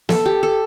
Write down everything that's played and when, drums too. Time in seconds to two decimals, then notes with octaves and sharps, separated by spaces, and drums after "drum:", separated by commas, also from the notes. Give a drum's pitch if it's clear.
0.09 A4, drum: snare
0.26 G4
0.43 A4